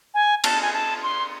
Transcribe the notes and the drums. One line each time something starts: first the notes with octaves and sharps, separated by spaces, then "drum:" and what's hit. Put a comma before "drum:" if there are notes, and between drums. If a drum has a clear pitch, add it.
G#5
A5, drum: cymbal
G#5
A5
C6